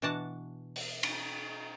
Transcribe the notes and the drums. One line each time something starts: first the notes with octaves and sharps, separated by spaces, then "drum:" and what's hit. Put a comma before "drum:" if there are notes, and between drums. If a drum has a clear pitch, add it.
B2 E3 D4 F#4 F#5 A5
drum: open hi-hat
drum: cymbal